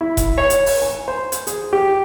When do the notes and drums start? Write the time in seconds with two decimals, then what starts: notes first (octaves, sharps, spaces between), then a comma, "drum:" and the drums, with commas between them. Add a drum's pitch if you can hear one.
0.01 E4
0.17 drum: kick F1, hi-hat
0.38 C#5
0.50 drum: hi-hat
0.66 drum: open hi-hat
0.82 G#5
1.08 C5
1.32 drum: hi-hat
1.47 G#4, drum: hi-hat
1.73 G4